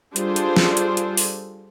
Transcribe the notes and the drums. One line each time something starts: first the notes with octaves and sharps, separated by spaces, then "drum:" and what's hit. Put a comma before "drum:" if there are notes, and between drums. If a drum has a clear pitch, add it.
G3 D4 F4 G#4 A4 C5, drum: hi-hat
drum: hi-hat
drum: snare
drum: hi-hat
drum: hi-hat
drum: open hi-hat